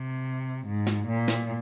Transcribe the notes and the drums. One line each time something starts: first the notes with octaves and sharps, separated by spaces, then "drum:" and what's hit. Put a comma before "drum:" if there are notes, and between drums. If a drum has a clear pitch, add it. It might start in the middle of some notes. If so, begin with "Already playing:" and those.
Already playing: C3
G#2
drum: snare
A#2
drum: snare